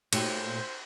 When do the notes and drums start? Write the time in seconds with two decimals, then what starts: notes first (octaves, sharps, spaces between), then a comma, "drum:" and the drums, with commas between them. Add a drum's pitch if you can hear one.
0.13 A#2 A3 D#4 F#4 G4 C5 C#5 G5, drum: cymbal